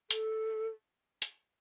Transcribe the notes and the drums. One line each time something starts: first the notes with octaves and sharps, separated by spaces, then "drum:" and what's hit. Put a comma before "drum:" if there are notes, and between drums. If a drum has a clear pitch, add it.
A4, drum: hi-hat
drum: hi-hat